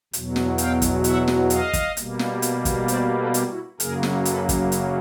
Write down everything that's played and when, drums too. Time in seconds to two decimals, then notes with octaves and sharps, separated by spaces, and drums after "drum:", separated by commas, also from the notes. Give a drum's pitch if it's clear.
0.13 E2 B2 F#3, drum: hi-hat
0.36 drum: snare
0.58 F5 G5, drum: hi-hat
0.82 drum: kick, hi-hat
1.04 E5 F#5, drum: hi-hat
1.28 drum: snare
1.50 D#5 F5, drum: hi-hat
1.73 drum: kick, hi-hat
1.97 B2 G3 A#3, drum: hi-hat
2.19 drum: snare
2.42 drum: hi-hat
2.65 drum: kick, hi-hat
2.88 C5 D5, drum: hi-hat
3.18 A4 B4
3.34 drum: hi-hat
3.50 E4 F#4
3.80 F#2 C#3 F#3 A#3 G#4 A#4, drum: hi-hat
4.03 drum: snare
4.25 A4 B4, drum: hi-hat
4.49 drum: kick, hi-hat
4.72 drum: hi-hat